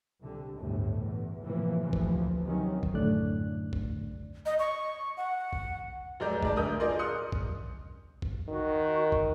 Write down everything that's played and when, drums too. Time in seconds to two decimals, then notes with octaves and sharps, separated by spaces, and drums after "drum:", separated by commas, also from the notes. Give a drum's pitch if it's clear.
0.22 C2 D3 G3
0.59 G1 D2 A2 C3
0.97 E2
1.44 A2 C3 E3 F3 A#3
1.83 D2 C3 E3 F3
1.93 drum: kick
2.44 C3 D#3 F#3 C#4
2.83 drum: kick
2.94 F#2 A2 D3 A3 D5 F#6
3.73 drum: kick
4.46 D#5
4.59 C#6
5.17 F#5
5.53 drum: kick
6.20 F1 F#3 G#3 D5 A#5 G6
6.43 G#2 D5 A5, drum: kick
6.56 D2 A#4 E5 D#6 G6
6.80 F4 G#4 A#4 D5 D#5 C6
6.99 C6 D#6 F6 F#6 C#7
7.32 drum: kick
8.22 drum: kick
8.49 D#3 F#4
9.12 drum: kick